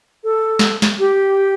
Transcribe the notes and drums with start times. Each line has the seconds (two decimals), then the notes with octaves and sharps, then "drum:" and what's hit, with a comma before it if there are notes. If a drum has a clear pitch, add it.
0.24 A4
0.59 drum: snare
0.82 drum: snare
0.99 G4